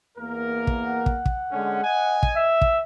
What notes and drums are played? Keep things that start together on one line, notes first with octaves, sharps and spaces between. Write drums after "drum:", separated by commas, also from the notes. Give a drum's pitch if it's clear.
E2 A#3 A#4
drum: kick
F#5
drum: kick
drum: kick
D3 G#3 C#4
D#5 G#5
drum: kick
E5
drum: kick